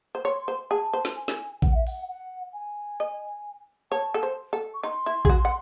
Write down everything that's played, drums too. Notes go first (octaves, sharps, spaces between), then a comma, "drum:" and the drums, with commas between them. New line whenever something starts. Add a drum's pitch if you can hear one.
C5
C#5 C6
C5
G#4 A5
C5
drum: snare
G#5
drum: snare
F#5, drum: kick A#1
E5
F#5, drum: open hi-hat
F#5
G#5
D#5
C#5 A5
A4
C5
A4
C#6
D#4 C6
E4
G#4, drum: kick A#1
F#4
F#5